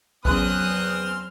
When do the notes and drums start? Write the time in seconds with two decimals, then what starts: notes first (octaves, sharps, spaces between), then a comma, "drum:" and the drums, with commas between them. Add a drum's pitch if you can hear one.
0.25 E2 C#3 F#3 C4 C6 D#6 F6 F#6, drum: kick A1